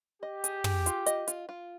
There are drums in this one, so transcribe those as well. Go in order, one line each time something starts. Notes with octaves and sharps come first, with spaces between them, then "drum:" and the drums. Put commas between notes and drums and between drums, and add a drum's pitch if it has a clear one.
G4 D#5
G#4, drum: hi-hat
G#4, drum: tom
F4, drum: hi-hat
D#5, drum: hi-hat
F4, drum: hi-hat
F4